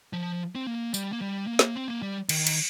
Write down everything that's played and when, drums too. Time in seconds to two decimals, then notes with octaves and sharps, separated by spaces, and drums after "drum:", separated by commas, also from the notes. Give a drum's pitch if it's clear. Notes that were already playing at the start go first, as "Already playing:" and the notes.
0.13 F3
0.55 C4
0.67 A#3
0.94 G3, drum: tambourine
1.13 A#3
1.21 G3
1.47 A#3
1.59 drum: snare
1.75 C4
1.88 A#3
2.02 G3
2.29 D#3, drum: cymbal
2.47 drum: cymbal